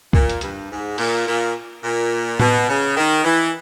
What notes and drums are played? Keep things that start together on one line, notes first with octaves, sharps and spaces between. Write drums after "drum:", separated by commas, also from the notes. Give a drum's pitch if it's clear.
A#2, drum: kick
drum: hi-hat
G2, drum: hi-hat
G#2
A#2, drum: cymbal
A#2
A#2
B2, drum: tom A2
C#3
D#3
E3